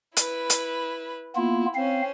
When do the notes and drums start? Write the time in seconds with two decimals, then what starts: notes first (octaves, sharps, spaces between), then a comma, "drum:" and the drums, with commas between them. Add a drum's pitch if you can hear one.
0.17 E4 B4, drum: hi-hat
0.50 drum: hi-hat
1.36 A#3 B3 E4 F4
1.75 C4 C#4 C5 F5